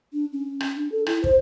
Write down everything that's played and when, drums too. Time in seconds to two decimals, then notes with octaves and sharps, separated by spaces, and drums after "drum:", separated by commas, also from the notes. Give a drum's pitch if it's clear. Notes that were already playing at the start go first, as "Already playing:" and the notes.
0.13 D4
0.32 C#4
0.60 drum: rim click
0.76 D4
0.92 A4
1.06 E4, drum: rim click
1.24 C5, drum: kick